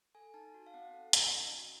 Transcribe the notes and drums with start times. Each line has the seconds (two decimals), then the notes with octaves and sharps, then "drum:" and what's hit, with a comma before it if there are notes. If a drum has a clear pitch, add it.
0.15 A4 G#5
0.34 D#4 A5
0.54 F#4
0.66 F5
0.74 C4 F#5
0.93 A4
1.13 D#4, drum: hi-hat
1.33 C#4
1.53 F#4